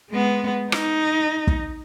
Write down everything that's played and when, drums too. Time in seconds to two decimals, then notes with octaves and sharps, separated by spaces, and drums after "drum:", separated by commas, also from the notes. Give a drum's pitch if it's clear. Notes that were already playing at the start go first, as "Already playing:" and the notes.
0.10 G#3 B3
0.72 D#4, drum: rim click
1.47 drum: kick